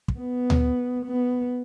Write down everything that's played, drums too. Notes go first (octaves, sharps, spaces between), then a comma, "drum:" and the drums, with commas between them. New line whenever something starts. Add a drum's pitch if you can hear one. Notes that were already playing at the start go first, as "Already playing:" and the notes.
drum: kick
B3
drum: tom D2
B3